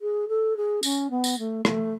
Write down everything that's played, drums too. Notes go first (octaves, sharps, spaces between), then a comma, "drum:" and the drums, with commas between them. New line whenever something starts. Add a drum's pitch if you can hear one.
G#4
A4
G#4
C#4, drum: tambourine
B3
drum: tambourine
A3
A3, drum: rim click